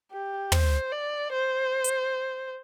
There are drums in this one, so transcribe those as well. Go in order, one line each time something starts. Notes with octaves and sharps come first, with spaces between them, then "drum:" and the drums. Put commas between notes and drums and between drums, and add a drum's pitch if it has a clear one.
G4
C5, drum: tom
D5
C5
drum: hi-hat